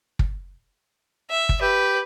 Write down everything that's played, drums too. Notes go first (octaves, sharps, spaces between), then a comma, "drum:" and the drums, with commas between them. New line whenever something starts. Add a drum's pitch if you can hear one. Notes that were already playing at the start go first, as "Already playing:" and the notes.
drum: kick
E5
drum: kick
G4 B4